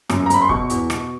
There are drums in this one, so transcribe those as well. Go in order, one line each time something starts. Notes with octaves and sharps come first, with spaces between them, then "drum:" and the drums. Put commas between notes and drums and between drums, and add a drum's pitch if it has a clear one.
F#2, drum: rim click
A#5
F#2 B5, drum: hi-hat
C6
B2 C#6, drum: kick
E2, drum: hi-hat
B2, drum: rim click